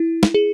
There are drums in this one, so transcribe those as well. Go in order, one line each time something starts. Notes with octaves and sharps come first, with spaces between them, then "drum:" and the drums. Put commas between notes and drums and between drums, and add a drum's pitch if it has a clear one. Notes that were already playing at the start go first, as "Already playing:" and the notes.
Already playing: E4
drum: snare
G#4